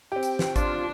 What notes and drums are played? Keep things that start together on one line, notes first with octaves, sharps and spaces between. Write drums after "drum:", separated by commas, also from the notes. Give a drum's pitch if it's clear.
C4 G4 G5
drum: hi-hat
drum: snare
D4 F4, drum: kick G#1, hi-hat